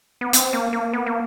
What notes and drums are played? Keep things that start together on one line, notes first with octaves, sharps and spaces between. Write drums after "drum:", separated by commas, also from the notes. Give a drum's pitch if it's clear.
B3
C4, drum: hi-hat
A#3
A#3
B3
A#3